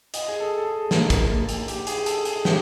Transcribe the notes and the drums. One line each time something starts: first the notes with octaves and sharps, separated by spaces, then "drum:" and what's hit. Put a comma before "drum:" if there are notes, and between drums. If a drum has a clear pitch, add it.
D#5, drum: hi-hat
G#4
A4
A4
G#4
A#3, drum: snare
drum: kick, hi-hat
drum: hi-hat
G4, drum: hi-hat
G#4, drum: hi-hat
A4, drum: hi-hat
G#4, drum: hi-hat
G4, drum: snare